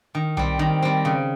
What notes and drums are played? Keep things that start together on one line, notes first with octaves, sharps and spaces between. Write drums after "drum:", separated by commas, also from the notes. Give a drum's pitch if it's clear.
D#3
G3 C4, drum: tom B1
D#3
G3 C4
C#3